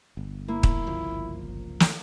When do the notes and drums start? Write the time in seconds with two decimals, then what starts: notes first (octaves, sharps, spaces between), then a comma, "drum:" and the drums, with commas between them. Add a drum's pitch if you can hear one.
0.17 G1
0.48 A#3 E4
0.63 drum: kick
0.87 F#1 C2 F3
1.80 drum: snare